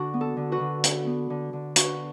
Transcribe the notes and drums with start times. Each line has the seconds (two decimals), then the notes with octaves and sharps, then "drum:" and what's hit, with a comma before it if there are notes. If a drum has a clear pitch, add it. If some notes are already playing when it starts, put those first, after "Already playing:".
Already playing: D3 D4 F#4
0.14 B3
0.21 A4
0.37 D3
0.52 F#4 B4
0.60 D3
0.84 D4, drum: hi-hat
1.06 B3
1.30 D3
1.53 D3
1.76 D4 F#4 B4, drum: hi-hat